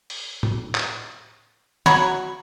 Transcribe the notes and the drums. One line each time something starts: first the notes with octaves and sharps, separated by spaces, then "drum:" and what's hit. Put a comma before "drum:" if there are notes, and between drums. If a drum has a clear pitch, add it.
drum: open hi-hat
drum: tom A2
drum: clap
F#3 C#5 B5 C#6, drum: snare